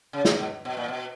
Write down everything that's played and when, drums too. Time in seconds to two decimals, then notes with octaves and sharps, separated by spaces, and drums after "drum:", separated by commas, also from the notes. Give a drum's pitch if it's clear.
0.13 C#3
0.25 drum: snare
0.38 B2
0.65 B2
0.77 A#2
0.88 B2